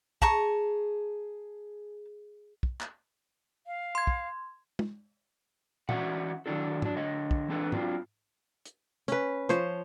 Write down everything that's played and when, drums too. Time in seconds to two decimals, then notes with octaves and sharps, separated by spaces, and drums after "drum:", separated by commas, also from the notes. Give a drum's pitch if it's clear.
0.22 G#4 A5 A#5 C#6, drum: kick
2.63 drum: kick
2.80 drum: clap
3.67 F5
3.95 C6 G#6
4.07 drum: kick
4.79 drum: tom
5.89 E3 C#4 F#4 D5 E5 F#5, drum: tom A#2
6.46 D#3 F#3 D4 E4 A4
6.82 F#3 D4, drum: tom G#2
6.96 D3 C#5 D#5
7.31 drum: kick
7.48 E3 C4 D4 A4 B4
7.72 F#3 C4 D4 F4, drum: tom
8.66 drum: hi-hat
9.08 C#4 B4, drum: hi-hat
9.49 F3 C5 C#5, drum: hi-hat